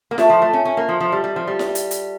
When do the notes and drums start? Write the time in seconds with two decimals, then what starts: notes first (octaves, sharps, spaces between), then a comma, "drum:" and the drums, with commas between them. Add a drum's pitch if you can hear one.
0.11 A#3
0.18 A3 F4 A4 E5 A5 C#6, drum: snare E4
0.30 F3
0.42 A3
0.53 C#4
0.65 C#4
0.77 A#3
0.89 F3
1.00 F3
1.12 G3
1.24 G3
1.36 F3
1.47 G3
1.59 drum: snare E4
1.75 drum: hi-hat
1.91 drum: hi-hat